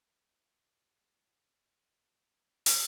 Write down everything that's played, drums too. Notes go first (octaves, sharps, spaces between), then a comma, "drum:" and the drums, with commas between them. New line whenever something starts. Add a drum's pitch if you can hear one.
D#3 D4
drum: open hi-hat